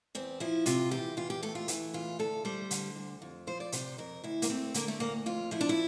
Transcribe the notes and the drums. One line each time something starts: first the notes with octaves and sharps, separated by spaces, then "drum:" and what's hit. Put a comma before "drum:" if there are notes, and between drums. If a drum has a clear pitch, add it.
E2 C4
F3 E4
C3 F4, drum: hi-hat
E2 G4
E2 F4
G4
A3 A4
F4
E3, drum: hi-hat
E2 F4
D2 A4
G3 C5
D3, drum: hi-hat
D2
F2
F3 C5
D5
C3 C5, drum: hi-hat
F2 A#4
D2 E4
A#3, drum: hi-hat
A3 C4
D3 A#3, drum: hi-hat
A3
D2 A#3
F2 F4
F3 E4
D4
E4